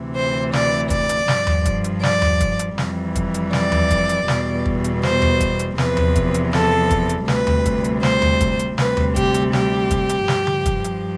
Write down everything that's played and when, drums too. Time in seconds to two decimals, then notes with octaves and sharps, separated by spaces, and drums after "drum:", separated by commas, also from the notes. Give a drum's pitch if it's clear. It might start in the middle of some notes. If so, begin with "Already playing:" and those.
Already playing: D2 C3 E3
0.16 C5
0.53 D5, drum: snare
0.90 D5, drum: kick, hi-hat
1.09 drum: hi-hat
1.28 G2 F3, drum: snare
1.47 drum: tom D#2
1.65 drum: kick, hi-hat
1.84 drum: hi-hat
2.03 D5, drum: snare
2.22 drum: tom D#2
2.40 drum: kick, hi-hat
2.59 drum: hi-hat
2.78 F2 E3 G3, drum: snare
3.15 drum: kick, hi-hat
3.34 drum: hi-hat
3.53 D5, drum: snare
3.72 drum: tom D#2
3.90 drum: kick, hi-hat
4.09 drum: hi-hat
4.28 E2 B2 G3, drum: snare
4.65 drum: kick
4.84 drum: hi-hat
5.03 C5, drum: snare
5.22 drum: tom D#2
5.40 drum: kick, hi-hat
5.59 drum: hi-hat
5.78 E2 C3 F3 B4, drum: snare
5.97 drum: tom D#2
6.16 drum: kick, hi-hat
6.34 drum: hi-hat
6.53 A4, drum: snare
6.91 drum: kick, hi-hat
7.09 drum: hi-hat
7.28 D2 C3 G3 B4, drum: snare
7.47 drum: tom D#2
7.66 drum: kick, hi-hat
7.84 drum: hi-hat
8.03 C5, drum: snare
8.22 drum: tom D#2
8.41 drum: kick, hi-hat
8.59 drum: hi-hat
8.78 D2 C3 G3 B4, drum: snare
8.97 drum: tom D#2
9.16 G4, drum: kick, hi-hat
9.34 drum: hi-hat
9.53 G4, drum: snare
9.91 drum: kick, hi-hat
10.09 drum: hi-hat
10.28 G2 F3, drum: snare
10.47 drum: tom C#3
10.66 drum: kick, hi-hat
10.84 drum: hi-hat